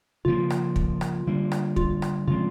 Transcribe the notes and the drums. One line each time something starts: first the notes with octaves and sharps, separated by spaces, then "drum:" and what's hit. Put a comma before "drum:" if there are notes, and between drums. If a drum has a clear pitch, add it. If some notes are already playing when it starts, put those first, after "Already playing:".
C#3 F3 A#3 F4
drum: rim click
drum: kick
drum: rim click
D3 G3 A#3 D4
drum: rim click
F4, drum: kick
drum: rim click
C#3 F3 G#3 C4 F4